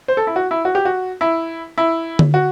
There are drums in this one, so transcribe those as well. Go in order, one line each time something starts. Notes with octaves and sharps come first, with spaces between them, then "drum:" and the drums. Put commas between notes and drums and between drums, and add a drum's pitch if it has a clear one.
C5
A4
E4
F#4
E4
F#4
G4
F#4
E4
E4
drum: tom D3
F#4